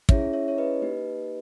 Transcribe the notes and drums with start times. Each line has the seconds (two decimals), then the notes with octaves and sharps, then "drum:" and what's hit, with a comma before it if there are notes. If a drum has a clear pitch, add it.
0.09 C#4 E4 G#4 C#5 E5, drum: kick
0.33 C#5 E5
0.48 C#5
0.58 B4 D#5
0.82 A#3 D#4 G4